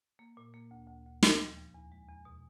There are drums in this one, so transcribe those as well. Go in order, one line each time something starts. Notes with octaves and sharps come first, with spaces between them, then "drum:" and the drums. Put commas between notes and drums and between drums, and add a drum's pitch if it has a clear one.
A#3
A#2
A#3
D2
D2
D2
F3, drum: snare
D#2
D#2
E2
G#3
E2
B2